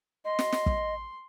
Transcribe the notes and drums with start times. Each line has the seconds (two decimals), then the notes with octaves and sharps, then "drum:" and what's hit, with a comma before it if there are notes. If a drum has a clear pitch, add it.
0.25 D#5 C6
0.39 drum: snare
0.52 drum: snare
0.66 drum: kick